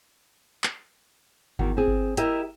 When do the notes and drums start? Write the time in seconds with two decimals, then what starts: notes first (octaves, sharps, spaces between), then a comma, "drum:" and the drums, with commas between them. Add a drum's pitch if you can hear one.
0.64 drum: clap
1.59 E2 D#3 F#4, drum: kick G1
1.77 C4 G#4
1.88 drum: kick G1
2.17 E4 G4 A#4 D#5 E5, drum: hi-hat